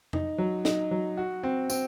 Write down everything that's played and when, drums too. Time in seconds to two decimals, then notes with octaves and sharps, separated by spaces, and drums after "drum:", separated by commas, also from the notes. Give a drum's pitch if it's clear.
0.13 D#4, drum: tom F2
0.38 F#3
0.65 D#4, drum: snare
0.91 F#3
1.17 F#4
1.43 C4
1.70 C4, drum: tambourine